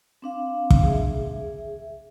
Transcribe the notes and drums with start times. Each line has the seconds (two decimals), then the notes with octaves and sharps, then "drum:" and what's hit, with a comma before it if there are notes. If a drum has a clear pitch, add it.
0.22 C4 D4 F5
0.70 drum: kick
0.83 G#4 E5